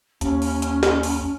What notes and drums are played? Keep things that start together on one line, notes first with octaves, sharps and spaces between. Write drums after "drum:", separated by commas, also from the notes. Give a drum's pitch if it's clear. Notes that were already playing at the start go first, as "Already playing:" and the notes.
D#2 C#4, drum: hi-hat
drum: open hi-hat
drum: hi-hat
drum: snare
drum: open hi-hat